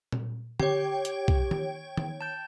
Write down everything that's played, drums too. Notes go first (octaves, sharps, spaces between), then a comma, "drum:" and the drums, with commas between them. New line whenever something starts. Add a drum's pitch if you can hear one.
drum: tom A#2
G4 C#5 G5, drum: tom D3
drum: hi-hat
drum: kick
drum: tom
drum: tom
A5 G6